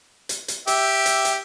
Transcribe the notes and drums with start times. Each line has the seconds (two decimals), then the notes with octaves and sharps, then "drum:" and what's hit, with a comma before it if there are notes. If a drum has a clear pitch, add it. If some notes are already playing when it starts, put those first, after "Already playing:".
0.29 drum: hi-hat
0.48 drum: hi-hat
0.67 G4 E5, drum: hi-hat
1.06 drum: hi-hat
1.25 drum: hi-hat